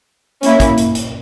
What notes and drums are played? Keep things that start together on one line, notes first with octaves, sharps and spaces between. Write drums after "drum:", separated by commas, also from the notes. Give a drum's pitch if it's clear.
A#3 C#4 E4, drum: hi-hat
drum: kick, hi-hat
drum: hi-hat
drum: hi-hat